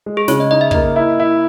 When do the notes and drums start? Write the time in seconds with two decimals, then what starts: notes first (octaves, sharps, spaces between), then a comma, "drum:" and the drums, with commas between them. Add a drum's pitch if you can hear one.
0.06 G#3
0.17 G#4
0.28 C#3 C#5, drum: snare
0.40 D#5
0.51 D#4 D#5
0.61 E5
0.71 A#3 D#5, drum: kick
0.96 E4
1.20 E4